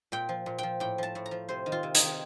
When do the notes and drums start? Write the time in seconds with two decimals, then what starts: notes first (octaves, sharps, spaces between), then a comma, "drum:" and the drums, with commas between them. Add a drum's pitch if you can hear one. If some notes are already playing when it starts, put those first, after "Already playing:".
0.12 A#2 G5
0.29 F3
0.46 A#2
0.58 F3 G5
0.80 A2 G5
0.98 F3 A5
1.15 A2
1.26 A#5
1.31 F3
1.49 C3 C5
1.66 D#3
1.72 F4
1.83 C3
1.95 D#4, drum: hi-hat
2.01 D#3